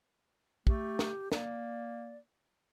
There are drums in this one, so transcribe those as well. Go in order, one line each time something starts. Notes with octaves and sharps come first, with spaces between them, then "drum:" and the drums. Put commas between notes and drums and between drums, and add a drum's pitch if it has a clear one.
A3 G4, drum: kick
drum: snare
A#3 D5, drum: snare